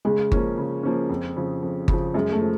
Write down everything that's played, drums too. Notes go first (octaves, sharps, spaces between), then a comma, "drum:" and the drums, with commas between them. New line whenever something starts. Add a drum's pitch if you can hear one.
C#3 G#3
F3 A#3 C#4, drum: kick G1
C#3
F3 A#3 C#4
F2
C#3 F3
F2
C#3 F3, drum: kick G1
F#2 G#3
A3
F3